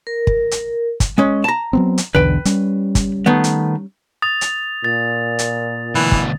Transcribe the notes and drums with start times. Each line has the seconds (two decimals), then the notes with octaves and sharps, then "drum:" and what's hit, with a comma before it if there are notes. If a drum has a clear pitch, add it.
0.07 A#4
0.27 drum: kick
0.51 drum: hi-hat
1.00 drum: kick, hi-hat
1.18 G#3 C#4
1.44 A5 A#5
1.73 F#3 B3 C4
1.98 drum: hi-hat
2.15 B1 E2 D3 B4 G5
2.45 G3 C#4, drum: hi-hat
2.95 drum: kick, hi-hat
3.26 D#3 A3 B3
3.44 drum: hi-hat
4.22 D#6 A6 F7
4.41 drum: hi-hat
4.84 A#2 A6
5.39 drum: hi-hat
5.95 D2 B2 E3
6.12 drum: kick